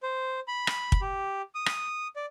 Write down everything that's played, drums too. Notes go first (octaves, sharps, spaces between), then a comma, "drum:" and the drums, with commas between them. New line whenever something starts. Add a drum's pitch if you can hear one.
C5
B5
drum: rim click
drum: kick
G4
D#6
drum: rim click
D5